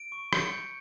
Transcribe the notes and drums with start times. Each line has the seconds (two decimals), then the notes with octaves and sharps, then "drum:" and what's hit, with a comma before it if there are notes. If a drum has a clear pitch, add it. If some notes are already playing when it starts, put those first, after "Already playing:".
Already playing: D7
0.12 C#6
0.33 G6 C#7, drum: rim click
0.53 G6